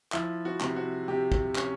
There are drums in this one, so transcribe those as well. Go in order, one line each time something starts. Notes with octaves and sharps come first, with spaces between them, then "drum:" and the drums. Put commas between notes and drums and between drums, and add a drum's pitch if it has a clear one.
F3 E4, drum: clap
F#4
C3, drum: clap
F#4
C3 G4
drum: kick
C#4, drum: clap